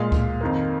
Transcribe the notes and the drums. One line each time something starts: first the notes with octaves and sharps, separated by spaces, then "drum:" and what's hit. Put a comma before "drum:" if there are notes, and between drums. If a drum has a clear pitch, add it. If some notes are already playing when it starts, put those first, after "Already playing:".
Already playing: A#2 G#3 F5
drum: kick C#2
F2 D#3 A#3